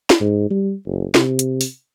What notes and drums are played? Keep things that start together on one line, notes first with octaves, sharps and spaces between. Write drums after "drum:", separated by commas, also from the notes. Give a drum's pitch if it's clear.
drum: snare
G#2
G3
F#1
C3, drum: snare
drum: hi-hat
drum: open hi-hat